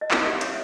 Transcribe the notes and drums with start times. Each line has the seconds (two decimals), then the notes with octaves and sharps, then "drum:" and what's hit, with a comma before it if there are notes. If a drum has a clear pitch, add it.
0.01 D#5
0.11 E4 E5, drum: clap
0.27 G4 F5
0.41 C#5 E5, drum: hi-hat